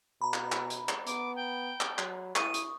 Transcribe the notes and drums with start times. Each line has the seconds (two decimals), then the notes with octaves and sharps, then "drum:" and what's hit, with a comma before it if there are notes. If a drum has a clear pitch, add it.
0.21 B2 A#5 B5
0.34 drum: clap
0.52 drum: clap
0.70 drum: hi-hat
0.89 drum: clap
1.07 B3 D6, drum: hi-hat
1.36 G5
1.81 drum: clap
1.98 F#3, drum: clap
2.36 E4 C#6 D#6 D#7, drum: clap
2.54 drum: hi-hat